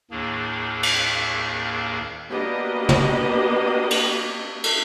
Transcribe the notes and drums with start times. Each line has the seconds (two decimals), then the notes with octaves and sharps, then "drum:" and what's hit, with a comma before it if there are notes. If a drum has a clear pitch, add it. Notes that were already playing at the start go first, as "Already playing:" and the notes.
0.11 D#2 A2 D#3 A#3 D4 G#4
0.83 drum: cymbal
2.31 A#3 B3 D4 F#4 G4 D#5
2.89 drum: tom
3.91 drum: cymbal
4.64 drum: cymbal